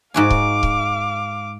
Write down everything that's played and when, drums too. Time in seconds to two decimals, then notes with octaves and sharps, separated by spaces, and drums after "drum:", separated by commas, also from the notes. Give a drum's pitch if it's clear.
0.14 G#2 F#4 F5 G#5 D6
0.30 drum: kick C#1
0.63 drum: kick C#1